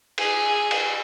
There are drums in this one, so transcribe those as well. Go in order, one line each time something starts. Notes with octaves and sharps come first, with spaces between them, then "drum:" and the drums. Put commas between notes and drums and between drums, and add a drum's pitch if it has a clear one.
G#4, drum: cymbal
drum: cymbal